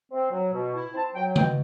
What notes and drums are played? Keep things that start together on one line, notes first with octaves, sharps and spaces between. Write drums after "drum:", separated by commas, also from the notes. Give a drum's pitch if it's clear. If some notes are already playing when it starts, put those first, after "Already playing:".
C4
F#3
B2
E4
C4 A5
F#3 G5
B2 G5, drum: tom C#3